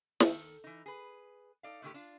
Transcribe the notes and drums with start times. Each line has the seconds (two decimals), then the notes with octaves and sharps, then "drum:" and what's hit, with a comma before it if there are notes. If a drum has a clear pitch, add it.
0.20 D#3 A4, drum: snare
0.64 E3 D#4
0.86 G#4 B4
1.63 D#4 A4 D5 F5
1.82 A2 D3 D#3 F3 A3 G4
1.94 D4 F4